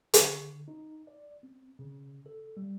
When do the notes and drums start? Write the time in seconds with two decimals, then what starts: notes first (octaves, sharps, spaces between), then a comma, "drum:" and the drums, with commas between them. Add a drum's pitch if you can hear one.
0.14 D3, drum: hi-hat
0.68 D#4
1.07 D5
1.43 C4
1.79 C#3
2.26 A4
2.57 G3